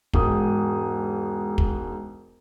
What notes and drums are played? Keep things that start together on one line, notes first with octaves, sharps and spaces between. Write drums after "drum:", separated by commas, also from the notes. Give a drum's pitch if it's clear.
E1 G#2 D#6, drum: kick
drum: kick